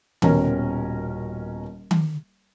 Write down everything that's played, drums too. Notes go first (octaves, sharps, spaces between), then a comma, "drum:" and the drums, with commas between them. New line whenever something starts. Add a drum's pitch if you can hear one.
D#1 B2 C#4 A#4, drum: tom D#3
drum: tom D#3